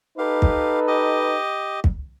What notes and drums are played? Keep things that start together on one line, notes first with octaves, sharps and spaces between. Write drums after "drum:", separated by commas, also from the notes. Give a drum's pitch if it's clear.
D#4 G4 A4 B4 F5
drum: kick
G4 D#5
drum: kick